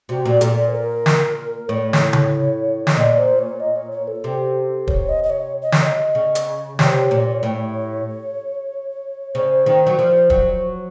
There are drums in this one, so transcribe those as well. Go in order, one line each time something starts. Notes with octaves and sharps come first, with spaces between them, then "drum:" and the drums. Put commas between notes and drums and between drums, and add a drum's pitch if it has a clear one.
C3 F#4
A#2
A#2 A4, drum: hi-hat
C5
A#4
drum: snare
A2 C#5
drum: snare
drum: tom C#3
C#5, drum: snare
A#2 D#5
C5
C#5
D#5
C#5
C#5
A4
C3
C#5, drum: kick
D#5
D#5
C#5
D#5
C#5, drum: snare
D#5
C#3
drum: hi-hat
C3 C#5, drum: snare
A#2
A2
C#3 C5
D#3
F#3
F3
F#3, drum: kick